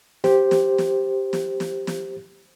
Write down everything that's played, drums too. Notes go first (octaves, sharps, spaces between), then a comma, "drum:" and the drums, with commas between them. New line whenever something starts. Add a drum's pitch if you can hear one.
G4 C5, drum: snare
drum: snare
drum: snare
drum: snare
drum: snare
drum: snare